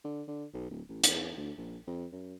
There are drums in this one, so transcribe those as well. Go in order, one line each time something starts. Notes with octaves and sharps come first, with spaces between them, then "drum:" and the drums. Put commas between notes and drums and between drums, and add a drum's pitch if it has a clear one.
D3
D3
B1
D1
A1
E2, drum: hi-hat
D2
A#1
F2
F#2